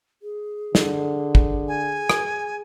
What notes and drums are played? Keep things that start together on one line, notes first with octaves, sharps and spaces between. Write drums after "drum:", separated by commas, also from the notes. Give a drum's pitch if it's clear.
G#4
D3, drum: snare
drum: kick
G#5
drum: rim click